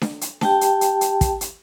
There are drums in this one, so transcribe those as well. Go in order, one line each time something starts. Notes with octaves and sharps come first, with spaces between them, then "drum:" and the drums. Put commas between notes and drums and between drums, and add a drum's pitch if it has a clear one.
drum: snare D4
drum: hi-hat
G4 G5 A5, drum: snare D4
drum: hi-hat
drum: hi-hat
drum: hi-hat
drum: kick, hi-hat
drum: hi-hat